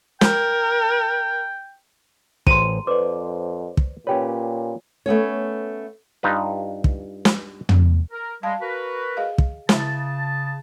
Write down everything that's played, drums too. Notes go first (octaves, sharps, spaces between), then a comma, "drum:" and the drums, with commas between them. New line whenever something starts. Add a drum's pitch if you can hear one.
A#4 G5, drum: snare
A1 C5 A#5 C6 D#7, drum: kick
F2 B4 C5 D5 D6
drum: kick
A#2 C#4 G4 B4 C#5 G5
A3 B3 C#4 C#5
G2 D#4 F4 B4
drum: kick
drum: snare
drum: tom
A#4
G3 G#3 F5 A5
F#4 A#4 B4
G#4 D#5 F5
drum: kick
C#3 E4 E5 A5, drum: snare